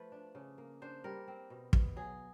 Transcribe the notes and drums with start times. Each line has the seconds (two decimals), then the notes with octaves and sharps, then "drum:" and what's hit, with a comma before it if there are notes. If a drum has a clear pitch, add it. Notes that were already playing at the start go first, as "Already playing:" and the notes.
Already playing: F3 A3 B4
0.12 D4
0.35 C#3
0.58 A#3
0.82 D4 C5
1.04 G3 A#4
1.28 C4
1.50 B2
1.73 B2, drum: kick
1.96 F#3 G#4